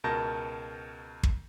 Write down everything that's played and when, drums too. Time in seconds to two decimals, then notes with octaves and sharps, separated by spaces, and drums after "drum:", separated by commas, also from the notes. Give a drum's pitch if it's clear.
0.04 C#2 B2 A#4 A5 G6 A#6
1.23 drum: kick